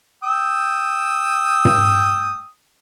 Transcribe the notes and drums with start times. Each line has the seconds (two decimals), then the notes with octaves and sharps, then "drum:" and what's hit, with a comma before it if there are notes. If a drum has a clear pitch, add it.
0.23 G5 D#6 E6
1.65 drum: tom